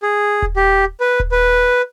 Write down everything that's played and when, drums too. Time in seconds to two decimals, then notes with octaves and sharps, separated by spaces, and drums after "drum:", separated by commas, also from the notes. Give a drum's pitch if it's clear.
0.03 G#4
0.42 drum: kick D#1
0.56 G4
1.00 B4
1.20 drum: kick D#1
1.31 B4